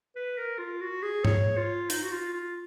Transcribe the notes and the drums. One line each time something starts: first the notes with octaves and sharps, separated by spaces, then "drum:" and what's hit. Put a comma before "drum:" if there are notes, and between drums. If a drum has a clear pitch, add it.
B4
A#4
F4
F#4
G#4
C#5, drum: tom G#2
F4
D#4, drum: hi-hat
F#4
F4
F4